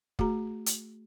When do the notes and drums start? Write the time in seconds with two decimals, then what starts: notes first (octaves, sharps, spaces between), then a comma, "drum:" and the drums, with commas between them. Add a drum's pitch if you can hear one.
0.19 A3 F#4 G#4 A#5, drum: kick
0.66 drum: hi-hat